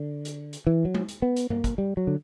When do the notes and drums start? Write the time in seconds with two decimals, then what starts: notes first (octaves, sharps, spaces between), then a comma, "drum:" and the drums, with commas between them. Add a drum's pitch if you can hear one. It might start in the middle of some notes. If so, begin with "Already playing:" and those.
Already playing: D3
0.25 drum: hi-hat
0.53 drum: hi-hat
0.67 E3
0.85 F#3
0.95 drum: tom G#3
1.08 drum: hi-hat
1.22 B3
1.36 drum: hi-hat
1.50 A#3, drum: tom G2
1.64 drum: kick, hi-hat
1.78 G3
1.97 F#3
2.07 D3